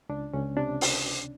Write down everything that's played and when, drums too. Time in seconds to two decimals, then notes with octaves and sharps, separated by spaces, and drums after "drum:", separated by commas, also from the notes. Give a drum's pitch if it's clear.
0.09 C#2 D4
0.34 C#2 C#4
0.57 C3 D4
0.81 drum: open hi-hat